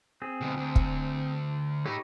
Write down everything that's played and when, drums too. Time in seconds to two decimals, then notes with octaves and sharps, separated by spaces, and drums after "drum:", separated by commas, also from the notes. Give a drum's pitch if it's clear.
0.22 C4 G#4
0.41 D2 B2
0.57 D2
0.76 drum: kick
1.86 D#4 G4 A4 C#5 B5